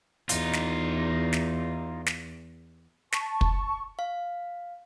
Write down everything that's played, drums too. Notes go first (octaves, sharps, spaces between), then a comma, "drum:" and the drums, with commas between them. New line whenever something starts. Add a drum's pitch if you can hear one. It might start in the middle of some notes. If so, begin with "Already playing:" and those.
E2 D#4 F4, drum: hi-hat
drum: snare
drum: snare
drum: snare
A5 C#6, drum: snare
drum: kick
F5